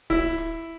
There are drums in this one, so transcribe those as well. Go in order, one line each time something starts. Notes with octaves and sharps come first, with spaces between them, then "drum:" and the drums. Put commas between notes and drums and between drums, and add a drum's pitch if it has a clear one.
E4, drum: kick, open hi-hat
drum: hi-hat